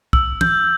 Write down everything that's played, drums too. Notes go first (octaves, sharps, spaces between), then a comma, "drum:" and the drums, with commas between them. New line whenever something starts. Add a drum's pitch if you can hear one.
E6, drum: kick
G6, drum: tom E3